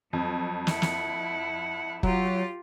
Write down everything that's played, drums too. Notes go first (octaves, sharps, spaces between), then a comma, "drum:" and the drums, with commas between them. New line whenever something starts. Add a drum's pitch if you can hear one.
F2 F#3
E4 F#5, drum: snare
drum: snare
F#3 F4 G4, drum: kick F1